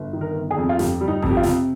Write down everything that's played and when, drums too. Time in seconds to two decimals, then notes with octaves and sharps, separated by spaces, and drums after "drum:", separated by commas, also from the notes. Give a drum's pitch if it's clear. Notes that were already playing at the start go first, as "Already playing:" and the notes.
Already playing: G1
0.13 D#3
0.21 A#4
0.35 G1
0.51 G#4
0.58 F2
0.69 F4
0.79 F2 G4, drum: snare
1.01 G3
1.08 D#4
1.22 F2, drum: kick G#1
1.31 G4
1.37 F4
1.43 C3, drum: snare